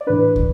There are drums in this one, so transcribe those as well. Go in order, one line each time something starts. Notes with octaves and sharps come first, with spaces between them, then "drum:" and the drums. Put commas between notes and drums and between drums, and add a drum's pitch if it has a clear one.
D5
A2 E3 D4 B4
drum: kick